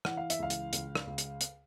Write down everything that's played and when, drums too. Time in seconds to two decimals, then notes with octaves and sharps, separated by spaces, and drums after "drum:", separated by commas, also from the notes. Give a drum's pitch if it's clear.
0.05 E3 F#5, drum: rim click
0.17 F5
0.30 E5, drum: hi-hat
0.39 C#2 F5
0.50 drum: hi-hat
0.73 C#2, drum: hi-hat
0.95 drum: rim click
1.07 C#2
1.18 drum: hi-hat
1.41 drum: hi-hat